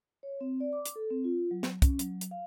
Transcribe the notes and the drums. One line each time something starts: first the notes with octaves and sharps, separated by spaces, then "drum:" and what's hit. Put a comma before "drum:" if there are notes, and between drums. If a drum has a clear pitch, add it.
C#5
C4
D5
D6
drum: hi-hat
A4
C4
F4
F#3
drum: snare
C#4, drum: kick, hi-hat
F#3, drum: hi-hat
drum: hi-hat
F5